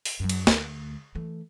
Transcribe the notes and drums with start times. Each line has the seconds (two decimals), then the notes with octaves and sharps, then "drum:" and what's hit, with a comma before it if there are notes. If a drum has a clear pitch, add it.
0.05 drum: open hi-hat
0.20 F#2 F#3
0.29 drum: cymbal
0.47 D2 A3, drum: snare
1.15 E3 A3